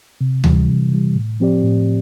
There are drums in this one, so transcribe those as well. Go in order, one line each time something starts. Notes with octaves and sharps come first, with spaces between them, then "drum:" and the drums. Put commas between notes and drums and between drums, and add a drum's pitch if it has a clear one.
C3
E3 G3, drum: tom D2
C3
E3 G3
A2
F3 C4 G4 D5
A2